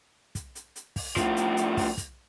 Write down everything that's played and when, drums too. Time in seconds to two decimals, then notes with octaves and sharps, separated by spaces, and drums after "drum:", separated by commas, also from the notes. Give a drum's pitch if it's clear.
0.35 drum: kick, hi-hat
0.55 drum: hi-hat
0.76 drum: hi-hat
0.96 drum: kick, open hi-hat
1.16 A2 F3, drum: kick, hi-hat
1.37 drum: hi-hat
1.57 drum: hi-hat
1.77 drum: kick, open hi-hat
1.97 drum: kick, hi-hat